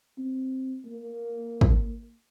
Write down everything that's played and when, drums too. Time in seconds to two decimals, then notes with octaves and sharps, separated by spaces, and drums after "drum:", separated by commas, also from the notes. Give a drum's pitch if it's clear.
0.18 C4
0.85 A#3
1.61 drum: kick